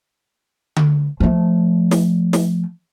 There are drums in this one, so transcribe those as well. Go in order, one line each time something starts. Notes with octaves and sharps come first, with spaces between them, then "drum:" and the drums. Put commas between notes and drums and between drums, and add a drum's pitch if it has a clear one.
drum: tom D3
F3 A3
drum: snare
drum: snare